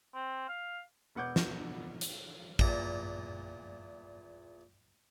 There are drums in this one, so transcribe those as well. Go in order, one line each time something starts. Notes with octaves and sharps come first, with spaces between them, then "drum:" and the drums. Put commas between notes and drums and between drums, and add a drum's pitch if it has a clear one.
C4
F5
E1 B3 F#5 D6 G6
drum: snare
drum: hi-hat
E2 A#2 A#5, drum: kick